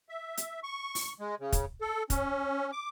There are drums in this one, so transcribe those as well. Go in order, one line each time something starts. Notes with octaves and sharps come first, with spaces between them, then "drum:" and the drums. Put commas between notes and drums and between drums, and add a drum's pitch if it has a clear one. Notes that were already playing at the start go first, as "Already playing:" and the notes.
E5
drum: hi-hat
C#6
drum: open hi-hat
G#3
C#3
drum: kick, hi-hat
A4
C#4, drum: kick, hi-hat
D6